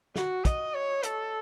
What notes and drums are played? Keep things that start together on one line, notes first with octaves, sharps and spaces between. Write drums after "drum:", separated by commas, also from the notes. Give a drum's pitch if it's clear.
F#4, drum: snare
D#5, drum: kick, hi-hat
C#5
A4, drum: hi-hat